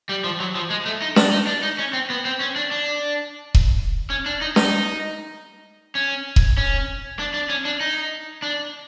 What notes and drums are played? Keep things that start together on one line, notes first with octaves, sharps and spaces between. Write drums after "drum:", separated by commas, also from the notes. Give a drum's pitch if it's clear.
G3
F3
F#3
F3
G#3
A3
D#4
D4, drum: snare
D#4
D4
D#4
C#4
C4
B3
C4
C#4
D4
D4
drum: kick E1
C#4
D4
D#4
D#4, drum: snare
C#4
drum: kick E1
C#4
D4
D4
C#4
D4
D#4
D4